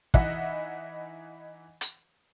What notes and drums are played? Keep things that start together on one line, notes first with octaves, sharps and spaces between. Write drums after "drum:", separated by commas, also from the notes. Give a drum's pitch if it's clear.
E3 D#4 D#5 E5 F#5 F#6, drum: kick
drum: hi-hat